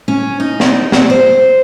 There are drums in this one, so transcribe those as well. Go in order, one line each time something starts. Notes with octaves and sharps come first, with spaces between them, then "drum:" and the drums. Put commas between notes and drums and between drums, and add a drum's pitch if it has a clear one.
C#4
D#4
drum: snare
drum: snare
C5